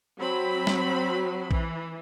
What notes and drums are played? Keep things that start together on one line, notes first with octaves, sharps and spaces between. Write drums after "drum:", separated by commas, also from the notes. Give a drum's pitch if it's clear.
F#3 C4 B5
drum: snare
E3, drum: kick A#1